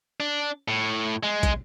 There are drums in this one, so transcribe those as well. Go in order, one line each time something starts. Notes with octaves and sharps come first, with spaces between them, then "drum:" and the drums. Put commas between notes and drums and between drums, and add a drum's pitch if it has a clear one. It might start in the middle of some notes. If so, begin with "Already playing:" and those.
D4
A2
G#3
drum: kick, hi-hat